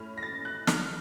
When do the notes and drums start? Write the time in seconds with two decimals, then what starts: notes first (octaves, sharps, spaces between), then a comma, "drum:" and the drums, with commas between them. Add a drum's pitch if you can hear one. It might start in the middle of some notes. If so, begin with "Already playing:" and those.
Already playing: A2 A3 C#4 F6
0.18 A#6
0.23 A6
0.45 F#6
0.67 F6, drum: snare